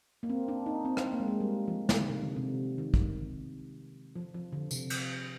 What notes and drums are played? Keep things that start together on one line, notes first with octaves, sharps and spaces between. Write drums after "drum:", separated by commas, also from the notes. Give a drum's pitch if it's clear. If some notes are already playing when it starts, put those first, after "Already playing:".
A#3
C4
D4
D#4
C4
drum: rim click
A#3
G#3
A#3
G3
F3
D#3, drum: snare
D3
C3
D3
C3
D#3
drum: kick
F3
F3
D3
C3, drum: tambourine
drum: cymbal